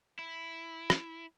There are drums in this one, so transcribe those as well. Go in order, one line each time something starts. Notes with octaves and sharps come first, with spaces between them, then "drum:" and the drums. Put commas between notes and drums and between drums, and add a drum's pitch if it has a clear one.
E4
drum: rim click